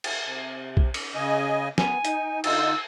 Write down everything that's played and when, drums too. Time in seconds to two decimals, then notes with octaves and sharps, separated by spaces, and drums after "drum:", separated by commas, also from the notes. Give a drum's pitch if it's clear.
0.04 drum: cymbal
0.25 C3
0.77 drum: kick B1
0.94 drum: cymbal
1.15 C#3 D#5 G#5
1.78 B3 G#5, drum: snare
2.05 D#4, drum: hi-hat
2.44 D3 D#4 F4 E6, drum: cymbal